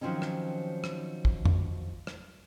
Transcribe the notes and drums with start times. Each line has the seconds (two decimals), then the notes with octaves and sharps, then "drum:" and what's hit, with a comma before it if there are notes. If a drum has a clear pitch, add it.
0.01 D#3 F3 F#3 C4 C#4 D#4
0.22 drum: rim click
0.84 drum: rim click
1.25 drum: kick
1.45 drum: tom F2
2.07 drum: rim click